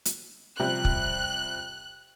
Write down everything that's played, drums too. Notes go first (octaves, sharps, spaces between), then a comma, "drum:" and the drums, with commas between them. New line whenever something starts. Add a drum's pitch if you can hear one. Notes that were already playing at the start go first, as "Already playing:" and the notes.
drum: hi-hat
C3 F3 G3 F#6
drum: kick